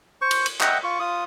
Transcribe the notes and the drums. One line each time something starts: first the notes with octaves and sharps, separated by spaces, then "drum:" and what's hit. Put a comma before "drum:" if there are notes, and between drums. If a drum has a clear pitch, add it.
C5 C#6
drum: cymbal
drum: cymbal
D#5 E5 F#5 G5, drum: clap
F4 C#6
F4 D#6